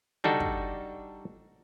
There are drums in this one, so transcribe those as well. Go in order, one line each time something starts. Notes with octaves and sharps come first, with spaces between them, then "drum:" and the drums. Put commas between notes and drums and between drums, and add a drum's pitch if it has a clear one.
G3 D4 D#4 F#4 A4, drum: tom C#3
drum: kick